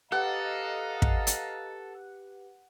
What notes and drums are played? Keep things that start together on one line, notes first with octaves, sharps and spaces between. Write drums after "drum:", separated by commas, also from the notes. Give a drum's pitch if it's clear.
G4 A4 B4 D#5 F5 F#5 A#5
drum: kick
drum: hi-hat